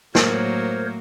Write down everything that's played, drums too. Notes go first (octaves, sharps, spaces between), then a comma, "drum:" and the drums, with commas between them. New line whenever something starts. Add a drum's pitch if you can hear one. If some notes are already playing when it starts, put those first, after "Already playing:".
A2 F#3 A#3 A#4 C5 C#5, drum: snare